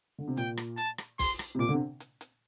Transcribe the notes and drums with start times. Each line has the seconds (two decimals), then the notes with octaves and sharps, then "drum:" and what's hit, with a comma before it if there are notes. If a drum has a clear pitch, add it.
0.18 D3
0.28 C3
0.37 A#2 G5, drum: hi-hat
0.57 drum: rim click
0.77 A5, drum: hi-hat
0.98 drum: rim click
1.19 C6, drum: kick B1, open hi-hat
1.39 drum: rim click
1.55 C3
1.59 A#2 D6
1.69 D3
1.73 C3
2.00 drum: hi-hat
2.21 drum: hi-hat